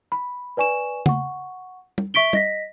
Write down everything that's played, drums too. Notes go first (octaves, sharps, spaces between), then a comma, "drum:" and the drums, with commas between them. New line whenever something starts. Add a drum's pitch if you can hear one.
B5
B4 D5 G#5 C#6 E7
F#5 C#6, drum: tom C#3
drum: tom
E5 C#6 B6 D7 G7
D#5 A#6 B6, drum: tom